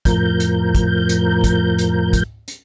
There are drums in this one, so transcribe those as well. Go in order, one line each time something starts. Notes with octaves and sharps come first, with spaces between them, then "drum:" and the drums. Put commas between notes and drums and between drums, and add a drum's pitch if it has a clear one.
F2 A2 F3 A#4 G6, drum: kick, hi-hat
drum: hi-hat
drum: kick, hi-hat
drum: hi-hat
drum: kick, hi-hat
drum: hi-hat
drum: kick, hi-hat
drum: hi-hat